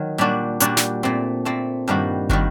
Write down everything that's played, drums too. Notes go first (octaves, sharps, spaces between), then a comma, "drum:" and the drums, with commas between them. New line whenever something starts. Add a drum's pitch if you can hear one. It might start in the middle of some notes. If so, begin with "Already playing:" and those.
Already playing: D#3 F#3
A#2 G3 D4 F#4
A#2 G3 D4 F#4, drum: hi-hat
drum: snare
A#2 A3 C4
A#2 A3 C4
G2 D#3 G3 A#3 F#4
D#3 G3 A#3 F#4, drum: kick